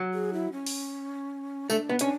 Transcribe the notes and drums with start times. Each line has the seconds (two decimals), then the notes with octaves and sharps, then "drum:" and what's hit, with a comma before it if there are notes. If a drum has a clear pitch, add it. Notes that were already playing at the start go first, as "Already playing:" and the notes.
Already playing: F#3
0.14 G#4
0.33 E4
0.52 C#4
0.66 drum: open hi-hat
1.70 A3 D4, drum: tambourine
1.89 B3
1.99 C#4 D4, drum: hi-hat